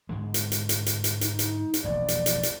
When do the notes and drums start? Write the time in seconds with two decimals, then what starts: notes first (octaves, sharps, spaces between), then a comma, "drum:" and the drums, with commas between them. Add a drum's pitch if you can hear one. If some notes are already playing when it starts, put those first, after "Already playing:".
0.09 G#2 D3 G#3
0.34 drum: hi-hat
0.52 drum: hi-hat
0.69 drum: hi-hat
0.86 drum: hi-hat
1.04 drum: hi-hat
1.21 D#4, drum: hi-hat
1.39 drum: hi-hat
1.74 drum: hi-hat
1.84 E1 A#1 F2 D5
2.08 drum: hi-hat
2.26 drum: hi-hat
2.43 drum: hi-hat